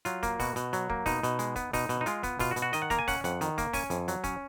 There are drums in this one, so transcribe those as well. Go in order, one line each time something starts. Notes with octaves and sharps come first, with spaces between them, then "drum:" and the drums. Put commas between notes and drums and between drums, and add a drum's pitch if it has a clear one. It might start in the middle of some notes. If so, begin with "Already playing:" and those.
F#3 F4, drum: hi-hat
A#3, drum: kick, hi-hat
B2 F#4, drum: kick, open hi-hat
B2, drum: hi-hat
F#3, drum: hi-hat
A#3, drum: kick
B2 D#4, drum: kick, open hi-hat
B2, drum: hi-hat
G#3, drum: hi-hat
B3, drum: kick, hi-hat
B2 D#4, drum: kick, open hi-hat
B2, drum: hi-hat
D#4
G#3 F4, drum: hi-hat
B3, drum: kick, hi-hat
B2 F4, drum: kick, open hi-hat
F#4
B2, drum: hi-hat
F#4
D#3 D#5, drum: hi-hat
F#5
A#3 A#5, drum: kick, hi-hat
G#5
C#4 F#5, drum: kick, open hi-hat
F2 F#5, drum: hi-hat
D#3, drum: hi-hat
A#3, drum: kick, hi-hat
C#4 G#5, drum: kick, open hi-hat
F2, drum: hi-hat
F#3, drum: hi-hat
C#4, drum: kick, hi-hat